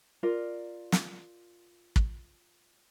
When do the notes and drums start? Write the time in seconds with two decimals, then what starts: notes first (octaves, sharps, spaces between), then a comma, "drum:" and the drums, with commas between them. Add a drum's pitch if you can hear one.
0.23 F4 A#4 D5
0.92 drum: snare
1.96 drum: kick